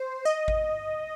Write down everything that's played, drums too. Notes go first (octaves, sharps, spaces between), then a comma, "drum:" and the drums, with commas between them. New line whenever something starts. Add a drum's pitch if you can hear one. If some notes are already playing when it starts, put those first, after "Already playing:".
Already playing: C5
D#5
drum: kick G#1